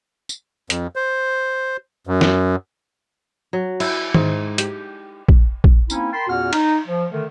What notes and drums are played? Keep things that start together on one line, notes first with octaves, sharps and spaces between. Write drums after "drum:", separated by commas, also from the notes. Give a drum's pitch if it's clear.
drum: tambourine
F2, drum: hi-hat
C5
F#2
drum: snare
F#3
E4, drum: cymbal
G#2, drum: tom D#3
G4, drum: hi-hat
drum: kick A#1
drum: kick A#1
A#3 C4 C#4 D#4 E4, drum: tambourine
A#4 G5 A5 B5 C6
E2 A#2 C#4 F#4 F#5 F6
D#4, drum: cymbal
F3
D3 D#3 A3